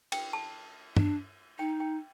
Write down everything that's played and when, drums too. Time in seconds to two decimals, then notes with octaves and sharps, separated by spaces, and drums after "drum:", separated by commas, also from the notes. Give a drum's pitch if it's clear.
0.12 G5, drum: cymbal
0.33 A5
0.97 D4, drum: tom
1.59 D#4 G5
1.80 G5